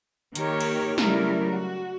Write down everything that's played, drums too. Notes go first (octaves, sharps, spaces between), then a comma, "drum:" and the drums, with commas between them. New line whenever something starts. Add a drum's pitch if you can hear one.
D#3 A#3 G4 A#4 C#5, drum: hi-hat
drum: cymbal
C#3 F#3 G3 A3 E4 A#4, drum: snare
F#4